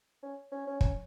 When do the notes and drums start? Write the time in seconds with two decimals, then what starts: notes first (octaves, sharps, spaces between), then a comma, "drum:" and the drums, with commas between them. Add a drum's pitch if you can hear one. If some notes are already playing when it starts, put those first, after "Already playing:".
0.23 C#4
0.52 C#4
0.67 C#4
0.81 C#4, drum: kick